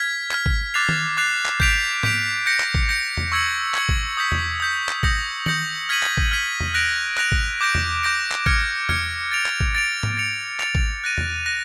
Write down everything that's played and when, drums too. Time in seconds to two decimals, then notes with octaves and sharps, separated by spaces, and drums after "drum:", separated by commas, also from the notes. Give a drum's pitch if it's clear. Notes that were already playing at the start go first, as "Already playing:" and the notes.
Already playing: F6 G#6 B6
0.31 F6 G#6 B6, drum: clap
0.46 drum: kick G#1
0.74 D6 F#6 A6 C7 F7
0.89 drum: tom D#3
1.17 D6 F#6 A6 C7 F7
1.46 drum: clap
1.60 G6 B6 D7 F7, drum: kick G#1
2.03 G6 B6 D7 F7, drum: tom G#2
2.46 G6 A#6 C#7
2.60 drum: clap
2.74 drum: kick G#1
2.89 G6 A#6 C#7
3.17 drum: tom E2
3.32 C#6 E6 G#6 C#7 F#7
3.75 C#6 E6 G#6 C#7 F#7, drum: clap
3.89 drum: kick G#1
4.17 D#6 G6 B6
4.32 drum: tom E2
4.60 D#6 G6 B6
4.89 drum: clap
5.03 D#6 G6 A#6 C#7 F#7, drum: kick G#1
5.46 D#6 G6 A#6 C#7 F#7, drum: tom D#3
5.89 F6 G#6 B6 D#7 F#7
6.03 drum: clap
6.17 drum: kick G#1
6.31 F6 G#6 B6 D#7 F#7
6.60 drum: tom E2
6.74 F#6 A#6 D7 F7
7.17 F#6 A#6 D7 F7, drum: clap
7.32 drum: kick G#1
7.61 D6 G6 A#6 D7
7.75 drum: tom E2
8.03 D6 G6 A#6 D7
8.32 drum: clap
8.46 F6 G#6 C#7, drum: kick G#1
8.89 F6 G#6 C#7, drum: tom E2
9.31 A6 D7 F7
9.46 drum: clap
9.60 drum: kick G#1
9.75 A6 D7 F7
10.03 drum: tom G#2
10.17 A6 C#7 F7
10.60 A6 C#7 F7, drum: clap
10.75 drum: kick G#1
11.04 F#6 A#6 D#7
11.18 drum: tom E2
11.46 F#6 A#6 D#7